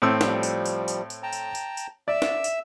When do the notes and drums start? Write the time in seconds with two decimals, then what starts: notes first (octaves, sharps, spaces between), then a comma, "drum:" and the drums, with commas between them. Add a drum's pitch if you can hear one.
0.02 A2 C4 E6
0.21 F3 G3, drum: snare
0.43 drum: tambourine
0.65 drum: tambourine
0.88 drum: tambourine
1.10 drum: tambourine
1.23 G5 A5 A#5
1.33 drum: tambourine
1.55 drum: tambourine
1.77 drum: tambourine
2.08 D5 E5
2.22 drum: snare
2.44 drum: tambourine